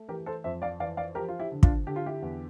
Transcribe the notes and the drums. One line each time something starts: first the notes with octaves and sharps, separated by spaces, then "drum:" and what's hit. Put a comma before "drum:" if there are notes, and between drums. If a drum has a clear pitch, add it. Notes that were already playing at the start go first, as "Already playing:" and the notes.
Already playing: A3
E3 G4 A#4
A4 C5
F2 C5 E5
D5 F5
E3 D5 F5
D5 F5
F3 G4 A#4
F4
E4 G4
D3
D4 F4, drum: kick
D3 G4
F4
E4 G4
E2